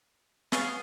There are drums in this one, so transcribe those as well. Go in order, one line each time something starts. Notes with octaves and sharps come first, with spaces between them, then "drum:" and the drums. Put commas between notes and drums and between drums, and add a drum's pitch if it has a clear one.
B3 F4 G#4 C#5 F5, drum: snare